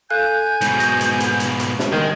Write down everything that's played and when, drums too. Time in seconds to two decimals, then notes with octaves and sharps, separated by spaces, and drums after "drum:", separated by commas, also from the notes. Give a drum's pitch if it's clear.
0.10 A4 F5 G#5 F#6 G6
0.61 G#2 B2, drum: hi-hat
0.80 A#6, drum: hi-hat
1.01 drum: hi-hat
1.20 drum: hi-hat
1.40 drum: hi-hat
1.60 drum: hi-hat
1.79 drum: snare
1.92 D#3 G#3 G#4 G6